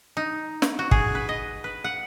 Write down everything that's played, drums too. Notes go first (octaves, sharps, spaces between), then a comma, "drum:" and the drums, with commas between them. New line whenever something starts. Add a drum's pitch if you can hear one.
D#4
drum: snare
F#4
G#4, drum: kick G#1
B4
D#5
B4
F#5